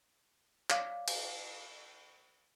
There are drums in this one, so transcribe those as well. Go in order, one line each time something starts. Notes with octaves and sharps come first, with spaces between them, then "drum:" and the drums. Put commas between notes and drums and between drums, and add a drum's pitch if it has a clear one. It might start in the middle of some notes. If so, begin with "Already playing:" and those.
C#5 D5 F5 D6, drum: clap
drum: cymbal